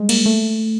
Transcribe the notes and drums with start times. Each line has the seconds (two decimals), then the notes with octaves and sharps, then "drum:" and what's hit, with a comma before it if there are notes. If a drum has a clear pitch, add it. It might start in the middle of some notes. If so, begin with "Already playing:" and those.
Already playing: G3 G#3
0.09 A#3, drum: cymbal
0.26 A3